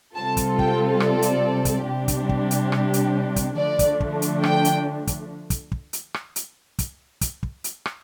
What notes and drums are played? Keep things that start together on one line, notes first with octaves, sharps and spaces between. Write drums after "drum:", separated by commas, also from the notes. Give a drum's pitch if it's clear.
C3 G3 C4 F4 A4 A5
drum: kick, hi-hat
G5, drum: kick
D5, drum: rim click
drum: hi-hat
drum: kick, hi-hat
C3 G3 D4 G4
drum: kick, hi-hat
drum: kick
drum: hi-hat
drum: rim click
drum: hi-hat
drum: kick, hi-hat
D3 F3 A3 D4 D5
drum: kick, hi-hat
drum: kick
drum: hi-hat
G5, drum: rim click
drum: hi-hat
drum: kick, hi-hat
drum: kick, hi-hat
drum: kick
drum: hi-hat
drum: rim click
drum: hi-hat
drum: kick, hi-hat
drum: kick, hi-hat
drum: kick
drum: hi-hat
drum: rim click